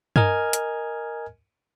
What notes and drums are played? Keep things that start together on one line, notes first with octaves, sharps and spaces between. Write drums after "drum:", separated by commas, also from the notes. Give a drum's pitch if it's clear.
A#4 D#5 G#5 F6 G#6, drum: tom G2
drum: hi-hat